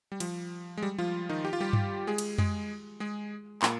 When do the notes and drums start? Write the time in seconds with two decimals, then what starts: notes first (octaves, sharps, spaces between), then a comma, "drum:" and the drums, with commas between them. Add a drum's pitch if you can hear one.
0.12 G3
0.20 F3, drum: cymbal
0.77 G#3
0.83 G3
0.98 F3 F4
1.29 D#3 D#4
1.45 G4
1.53 F4
1.60 G3 G4
1.73 drum: tom G2
2.07 G#3 G#4
2.18 drum: cymbal
2.38 G#3 G#4, drum: tom F2
3.00 G#3 G#4
3.62 A#2 A#3, drum: clap